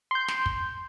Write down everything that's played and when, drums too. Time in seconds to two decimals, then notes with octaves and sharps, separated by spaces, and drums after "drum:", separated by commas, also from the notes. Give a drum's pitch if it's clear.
0.11 C6 G6
0.28 drum: snare
0.46 drum: kick